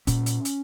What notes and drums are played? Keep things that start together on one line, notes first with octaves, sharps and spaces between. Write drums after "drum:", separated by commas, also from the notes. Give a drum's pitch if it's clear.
A#2 C#4, drum: kick, hi-hat
drum: hi-hat
drum: hi-hat